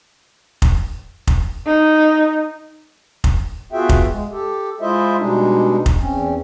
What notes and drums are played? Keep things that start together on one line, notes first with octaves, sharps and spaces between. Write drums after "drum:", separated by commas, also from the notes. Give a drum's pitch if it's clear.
drum: kick F1
drum: kick F1
D#4
drum: kick F1
B3 F4 F#4 G#4 E5 G5
drum: kick F1
G#3
G4 A4
G#3 E4 F4 C5 D#5 E5
B2 G3 G#3 D4 D#4
drum: kick F1
E2 C4 C#4